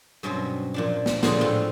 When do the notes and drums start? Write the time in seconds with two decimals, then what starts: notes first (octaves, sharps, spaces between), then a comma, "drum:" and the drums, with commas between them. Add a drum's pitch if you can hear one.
0.23 G2 B2 F#3 C4 C#4
0.74 A#2 F3 D4
1.06 drum: snare
1.23 A#2 D3 F3 F4 F#4 G#4, drum: snare
1.41 A2 C4 F4